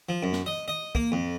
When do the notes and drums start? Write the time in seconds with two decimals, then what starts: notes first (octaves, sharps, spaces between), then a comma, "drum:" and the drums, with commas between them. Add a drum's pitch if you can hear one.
0.09 F3
0.23 F#2
0.33 drum: snare
0.46 D#5
0.68 D#5
0.95 A#3, drum: kick
1.12 F2